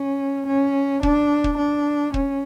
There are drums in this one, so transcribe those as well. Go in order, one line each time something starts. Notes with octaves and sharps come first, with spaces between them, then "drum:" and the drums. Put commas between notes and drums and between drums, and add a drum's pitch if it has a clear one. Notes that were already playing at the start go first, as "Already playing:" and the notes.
Already playing: C#4
C#4
D4, drum: kick
drum: kick
D4
C#4, drum: kick